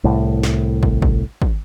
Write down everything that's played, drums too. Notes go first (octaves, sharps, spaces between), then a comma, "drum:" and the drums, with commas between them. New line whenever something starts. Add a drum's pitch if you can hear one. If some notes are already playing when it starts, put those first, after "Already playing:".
C2 A2
drum: snare
drum: kick
drum: kick
drum: kick